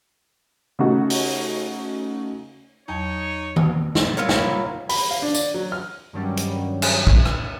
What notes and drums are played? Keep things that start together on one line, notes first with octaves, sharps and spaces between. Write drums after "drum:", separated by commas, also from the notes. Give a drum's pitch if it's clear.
C#3 A3 D#4 F#4
drum: open hi-hat
E2 F#3 D#4 C#5 A5
drum: tom D#3
drum: snare
E4 F4 A#4 C#5
drum: snare
B5, drum: open hi-hat
F5
D4
D5, drum: tambourine
F#3
F6
G2 D#3 F#3 G3 C#4
drum: hi-hat
drum: cymbal
drum: kick
drum: rim click